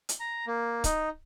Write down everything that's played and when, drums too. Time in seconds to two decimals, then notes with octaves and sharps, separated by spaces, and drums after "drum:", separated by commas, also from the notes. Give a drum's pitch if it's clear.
0.09 drum: hi-hat
0.20 A#5
0.47 A#3
0.84 D#4, drum: kick C#1, hi-hat